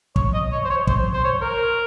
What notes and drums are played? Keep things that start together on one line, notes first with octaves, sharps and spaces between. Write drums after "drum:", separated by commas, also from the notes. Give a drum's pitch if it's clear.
C#5, drum: kick
D#5
C#5
C5
C#5
C5, drum: kick
C5
C#5
A#4